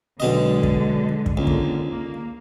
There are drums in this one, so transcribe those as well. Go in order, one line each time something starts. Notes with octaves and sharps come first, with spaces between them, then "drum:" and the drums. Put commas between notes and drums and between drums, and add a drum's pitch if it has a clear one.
B1 B2 D3 G#3 D#5
drum: kick
drum: kick
C#2 D3 A#3 C4
drum: kick
A#3